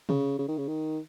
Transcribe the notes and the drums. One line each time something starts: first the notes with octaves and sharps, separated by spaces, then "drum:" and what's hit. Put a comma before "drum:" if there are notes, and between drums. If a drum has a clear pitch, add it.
C#3, drum: tom C3
C#3
D#3
C#3
D#3